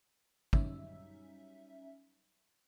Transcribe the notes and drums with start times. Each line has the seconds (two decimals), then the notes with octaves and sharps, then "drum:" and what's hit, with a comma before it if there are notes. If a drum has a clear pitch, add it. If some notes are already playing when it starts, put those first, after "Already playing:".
0.53 F#3 G3 C#4 D#4 E5, drum: kick